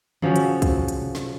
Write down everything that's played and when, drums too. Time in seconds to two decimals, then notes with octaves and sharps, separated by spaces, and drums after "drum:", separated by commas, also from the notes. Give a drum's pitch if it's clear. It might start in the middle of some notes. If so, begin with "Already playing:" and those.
0.22 C#3 F3 F#3 C#4, drum: tom D3
0.36 drum: hi-hat
0.62 drum: kick, hi-hat
0.88 drum: hi-hat
1.02 drum: tom B2
1.15 drum: snare